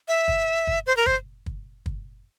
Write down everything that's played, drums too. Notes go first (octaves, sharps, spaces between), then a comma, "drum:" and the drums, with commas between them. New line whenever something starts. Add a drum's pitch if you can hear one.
E5
drum: kick
drum: kick
C5
A#4
C5, drum: kick
drum: kick
drum: kick